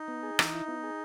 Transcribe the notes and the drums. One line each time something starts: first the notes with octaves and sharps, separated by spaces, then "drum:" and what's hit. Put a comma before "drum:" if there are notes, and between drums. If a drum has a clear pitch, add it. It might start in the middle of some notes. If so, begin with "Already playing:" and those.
Already playing: D#4
B3
G#4
E3, drum: rim click
E4
B3
G#4